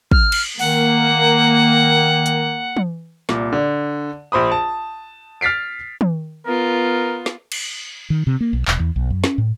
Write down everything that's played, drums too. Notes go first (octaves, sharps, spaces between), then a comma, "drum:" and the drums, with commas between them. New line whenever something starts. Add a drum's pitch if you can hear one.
F6, drum: kick
drum: cymbal
D#3 A#3 F#5, drum: open hi-hat
drum: hi-hat
drum: tom E3
C2 A#2, drum: snare
D3
A#1 C5 B5 D#6
A5
F6 A6 B6 C7 D7
drum: tom
B3 F4 A#4
drum: snare
drum: cymbal
D#3
C3
A#3
B1
E1, drum: clap
E2
B1
F#2
C#4, drum: snare
A2